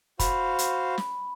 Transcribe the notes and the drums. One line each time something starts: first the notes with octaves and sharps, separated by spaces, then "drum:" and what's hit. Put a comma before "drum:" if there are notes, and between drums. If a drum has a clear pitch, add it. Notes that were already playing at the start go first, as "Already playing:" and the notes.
F#4 C5 F5 B5, drum: kick, hi-hat
drum: hi-hat
drum: snare